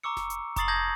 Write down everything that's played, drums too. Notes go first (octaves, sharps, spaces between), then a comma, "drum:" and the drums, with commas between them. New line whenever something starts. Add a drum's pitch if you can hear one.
A#5 C#6 D6 E6 C#7
drum: snare F1
drum: hi-hat
A#5 C#6 D#6 A6 C7 F#7, drum: kick F1, hi-hat
A5 D#6 G6 G#6 A#6 F#7